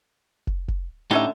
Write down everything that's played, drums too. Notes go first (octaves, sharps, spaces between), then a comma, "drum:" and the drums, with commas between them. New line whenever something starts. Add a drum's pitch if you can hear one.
drum: kick
drum: kick
A2 D3 C#4 D#4 G4 E5